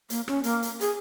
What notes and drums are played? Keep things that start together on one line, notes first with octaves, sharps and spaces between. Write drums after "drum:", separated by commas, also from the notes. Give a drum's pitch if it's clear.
A#3, drum: hi-hat
C#4, drum: rim click
A#3, drum: hi-hat
drum: hi-hat
G#4, drum: hi-hat